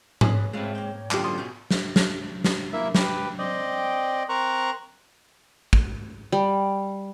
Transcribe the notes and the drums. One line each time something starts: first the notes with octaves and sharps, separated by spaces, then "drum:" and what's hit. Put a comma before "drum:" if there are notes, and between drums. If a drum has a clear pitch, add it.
G#4 B4 C#5 G#5 D#6, drum: tom G#2
G#3 A3 C4 F4 B4
A#3 G5
F#2 A#2 D3 F4 G4 D6, drum: clap
C5 C6 D#6
B2 C#4 G#4 G6
drum: snare
drum: snare
drum: snare
A#3 E4 E5
G4 B4, drum: snare
C4 D5 D#5 G5
C4 A#4 C5 A#5 C#6 F#6
drum: kick
G3